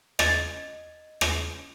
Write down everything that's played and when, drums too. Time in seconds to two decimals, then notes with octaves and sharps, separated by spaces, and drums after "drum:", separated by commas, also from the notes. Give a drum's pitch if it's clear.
0.19 D#5 A6, drum: rim click
1.21 drum: rim click